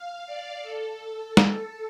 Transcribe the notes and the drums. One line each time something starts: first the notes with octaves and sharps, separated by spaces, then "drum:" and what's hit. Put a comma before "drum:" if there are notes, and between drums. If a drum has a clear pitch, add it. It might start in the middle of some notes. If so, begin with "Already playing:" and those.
Already playing: F5
D5
A4
drum: snare